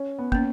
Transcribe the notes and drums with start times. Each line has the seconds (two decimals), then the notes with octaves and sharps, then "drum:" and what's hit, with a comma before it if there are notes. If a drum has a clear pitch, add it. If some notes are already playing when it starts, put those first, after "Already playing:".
Already playing: C#4
0.18 B3
0.32 A#3 C#4, drum: kick